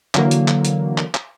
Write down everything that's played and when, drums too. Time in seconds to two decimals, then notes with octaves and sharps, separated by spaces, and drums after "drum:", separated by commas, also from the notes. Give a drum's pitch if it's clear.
0.15 D3 E3 F#3 A#3, drum: clap
0.31 drum: hi-hat
0.48 drum: clap
0.65 drum: hi-hat
0.98 drum: clap
1.15 drum: clap